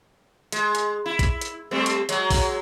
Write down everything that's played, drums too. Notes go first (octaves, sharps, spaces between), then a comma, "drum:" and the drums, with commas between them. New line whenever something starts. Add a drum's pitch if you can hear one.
G#3, drum: hi-hat
drum: hi-hat
E4
drum: kick, hi-hat
drum: hi-hat
G3 A3 C4
drum: hi-hat
F#3 G#3, drum: hi-hat
drum: kick, open hi-hat